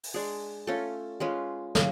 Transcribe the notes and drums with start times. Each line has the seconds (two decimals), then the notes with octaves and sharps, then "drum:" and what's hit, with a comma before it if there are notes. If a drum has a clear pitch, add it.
0.03 drum: open hi-hat
0.14 G#3 D4 G#4
0.67 A3 C#4 F4 A4
1.20 G#3 C#4 F4 B4
1.75 C#3, drum: snare